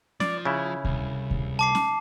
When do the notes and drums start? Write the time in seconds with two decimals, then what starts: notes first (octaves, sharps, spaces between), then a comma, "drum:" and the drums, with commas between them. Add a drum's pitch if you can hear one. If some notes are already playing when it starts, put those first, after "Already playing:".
0.20 F3 D5, drum: snare C#4
0.45 C#3 E4
0.85 C2, drum: kick D2
1.31 drum: kick D2
1.59 A5 D6 C7
1.75 drum: snare C#4